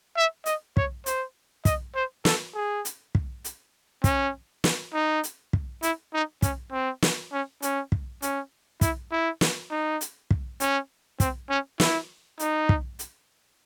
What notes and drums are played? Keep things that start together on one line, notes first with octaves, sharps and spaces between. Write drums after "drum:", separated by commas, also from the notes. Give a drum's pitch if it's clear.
E5
D#5, drum: hi-hat
C#5, drum: kick
C5, drum: hi-hat
D#5, drum: kick, hi-hat
C5
A4, drum: snare
G#4
drum: hi-hat
drum: kick
drum: hi-hat
C#4, drum: kick, hi-hat
drum: snare
D#4
drum: hi-hat
drum: kick
E4, drum: hi-hat
D#4
C#4, drum: kick, hi-hat
C4
drum: snare
C#4
C#4, drum: hi-hat
drum: kick
C#4, drum: hi-hat
E4, drum: kick, hi-hat
E4
drum: snare
D#4
drum: hi-hat
drum: kick
C#4, drum: hi-hat
C4, drum: kick, hi-hat
C#4
E4, drum: snare
D#4, drum: hi-hat
drum: kick
drum: hi-hat